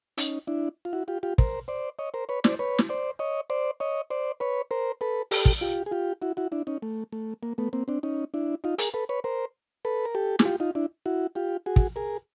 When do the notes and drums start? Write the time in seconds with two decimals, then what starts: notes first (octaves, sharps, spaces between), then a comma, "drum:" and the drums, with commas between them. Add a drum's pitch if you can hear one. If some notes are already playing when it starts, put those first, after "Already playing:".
0.18 C#4 D#4, drum: hi-hat
0.47 D4 E4
0.85 F4
0.93 E4 F#4
1.08 F4 G4
1.23 F4 G4
1.38 A#4 C5, drum: kick
1.68 C5 D5
1.99 C#5 D#5
2.14 A#4 C5
2.29 B4 C#5
2.44 C5 D5, drum: snare
2.59 B4 C#5
2.78 drum: snare
2.89 C5 D5
3.19 C#5 D#5
3.50 C5 D5
3.80 C#5 D#5
4.10 C5 D5
4.40 B4 C#5
4.71 A#4 C5
5.01 A4 B4
5.31 G4 A4, drum: open hi-hat
5.45 drum: kick
5.61 F4 G4
5.86 G#4
5.91 F4 G4
6.22 E4 F#4
6.37 E4 F#4
6.52 D4 E4
6.67 C#4 D#4
6.82 A3
7.12 A3
7.43 A#3
7.58 A3 B3
7.73 A#3 C4
7.88 C4 D4
8.03 C#4 D#4
8.34 D4 E4
8.64 D#4 F4
8.78 G#4 A#4, drum: hi-hat
8.94 A4 B4
9.09 B4 C#5
9.24 A#4 C5
9.85 A4 B4
10.05 A#4
10.15 G4 A4
10.39 G#4, drum: snare
10.45 F4 G4
10.60 D#4 F4
10.75 D4 E4
11.06 E4 F#4
11.35 F4 G4
11.66 F#4 G#4
11.76 drum: kick
11.96 G#4 A#4